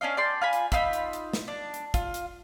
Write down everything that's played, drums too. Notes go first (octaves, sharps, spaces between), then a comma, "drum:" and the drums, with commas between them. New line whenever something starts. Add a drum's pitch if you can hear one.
C#4 D4 D#5 F5
D5 G5 A5 C6
F4 G#5 B5
drum: hi-hat
D#4 F4 B5 E6, drum: kick, hi-hat
drum: hi-hat
drum: hi-hat
drum: snare
D4
drum: hi-hat
F4, drum: kick, hi-hat
drum: hi-hat